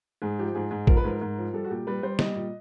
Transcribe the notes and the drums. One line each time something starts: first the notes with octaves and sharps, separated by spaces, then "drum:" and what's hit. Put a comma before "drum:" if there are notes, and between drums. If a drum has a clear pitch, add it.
G#2 G#4
F3 G4
G#2 G#4
G#2 G#4
F3 A#4, drum: kick
B4
G#2 A#4
G#2
F3
G3 A4
F#4
A#2 G4
G3 B4
G3 C5
G3 D#5, drum: snare
A#2